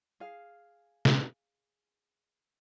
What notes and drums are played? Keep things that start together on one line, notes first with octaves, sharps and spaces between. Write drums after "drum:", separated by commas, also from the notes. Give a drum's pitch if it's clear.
G#4 F5
drum: snare